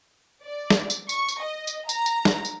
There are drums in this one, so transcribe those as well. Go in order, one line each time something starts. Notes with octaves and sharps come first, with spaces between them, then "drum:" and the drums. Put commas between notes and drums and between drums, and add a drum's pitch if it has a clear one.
D5
drum: snare
drum: tambourine
C#6, drum: tambourine
drum: tambourine
D#5
drum: tambourine
A#5, drum: tambourine
drum: tambourine
drum: snare
drum: tambourine